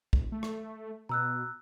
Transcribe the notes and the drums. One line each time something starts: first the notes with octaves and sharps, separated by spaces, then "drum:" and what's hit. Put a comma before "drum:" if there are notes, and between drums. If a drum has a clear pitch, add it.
E1, drum: kick
A3
drum: rim click
B2 A#5 E6 F#6